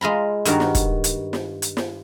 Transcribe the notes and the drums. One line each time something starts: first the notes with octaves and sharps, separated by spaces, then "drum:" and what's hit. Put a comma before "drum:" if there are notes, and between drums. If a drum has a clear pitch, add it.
G#3 F4 A#5 B5
G2 D#3 F#4 A#4, drum: hi-hat
drum: snare
drum: kick, hi-hat
drum: hi-hat
drum: snare
drum: hi-hat
drum: snare